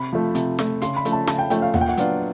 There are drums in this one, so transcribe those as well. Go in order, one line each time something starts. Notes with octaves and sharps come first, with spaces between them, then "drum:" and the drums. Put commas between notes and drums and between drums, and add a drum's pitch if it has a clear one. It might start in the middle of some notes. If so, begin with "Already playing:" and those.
Already playing: C3 B5
F3 A3
C3, drum: hi-hat
F3 A3, drum: snare
C#3 C6, drum: hi-hat
B5
F3 A3 C#4, drum: hi-hat
A5
C#3 A5, drum: snare
G5
F3 A3 C#4 G5, drum: hi-hat
F5
A#2 F#5, drum: tom D#2
G5
F#5
F#3 B3 D4 F4, drum: hi-hat